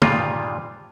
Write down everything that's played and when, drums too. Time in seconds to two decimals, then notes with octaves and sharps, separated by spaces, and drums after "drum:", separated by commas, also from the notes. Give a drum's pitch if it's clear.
0.02 G2 A#2 D#3 G3 G#3 F4, drum: tom